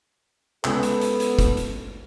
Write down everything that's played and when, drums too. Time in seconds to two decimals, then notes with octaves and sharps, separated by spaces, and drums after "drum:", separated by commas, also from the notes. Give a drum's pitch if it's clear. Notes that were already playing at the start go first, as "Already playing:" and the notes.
0.64 C#2 B3 A4, drum: clap
0.83 drum: hi-hat
1.01 drum: hi-hat
1.20 drum: hi-hat
1.39 drum: kick, hi-hat
1.57 drum: hi-hat